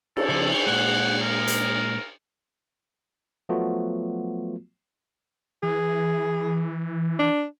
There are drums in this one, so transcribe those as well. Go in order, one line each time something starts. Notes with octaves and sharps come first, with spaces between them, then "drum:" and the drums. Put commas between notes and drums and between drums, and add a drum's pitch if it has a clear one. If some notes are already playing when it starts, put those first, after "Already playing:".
A4, drum: cymbal
C#3 F3 C4
A#2 G#3 F#5
A#4
drum: hi-hat
F3 F#3 A3 B3 F4 F#4
E3 G#4
D4